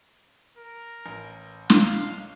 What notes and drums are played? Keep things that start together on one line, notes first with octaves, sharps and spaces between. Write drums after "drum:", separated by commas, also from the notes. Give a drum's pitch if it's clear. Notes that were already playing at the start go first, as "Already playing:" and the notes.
A#4
A1
B1 F5, drum: snare